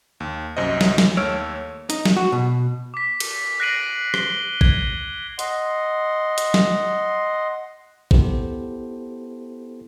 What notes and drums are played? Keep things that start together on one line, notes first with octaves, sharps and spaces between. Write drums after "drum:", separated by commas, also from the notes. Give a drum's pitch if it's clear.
D#2
C2 F#2 C5 D#5
drum: snare
E3, drum: snare
D#2 A3 C#5 E6 F6 D7
D#4, drum: hi-hat
drum: snare
F#4
B2
D6 B6
drum: cymbal
F#6 A#6 C7 D7 D#7 F#7
G7, drum: rim click
G#6, drum: kick
D#5 F#5 C6, drum: hi-hat
drum: hi-hat
drum: snare
B3 E4 G4 A4 C5, drum: kick